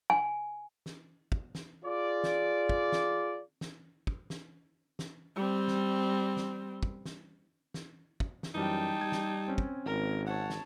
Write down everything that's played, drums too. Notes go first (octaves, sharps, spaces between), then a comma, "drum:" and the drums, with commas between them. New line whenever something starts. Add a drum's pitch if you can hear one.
G#5
drum: snare
drum: kick
drum: snare
F4 G#4 D5
drum: snare
drum: kick
drum: snare
drum: snare
drum: kick
drum: snare
drum: snare
G3 C4
drum: snare
drum: snare
drum: kick
drum: snare
drum: snare
drum: kick
drum: snare
F#2 E3 G3 D#4 G5 A5
G3 G#6
drum: snare
C4 C#4
drum: kick
G#1 A#4
C#5 F#5 A5
drum: snare